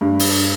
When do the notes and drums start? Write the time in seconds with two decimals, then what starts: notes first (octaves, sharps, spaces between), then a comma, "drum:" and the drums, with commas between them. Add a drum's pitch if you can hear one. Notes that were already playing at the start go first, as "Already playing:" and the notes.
0.01 G2
0.19 drum: open hi-hat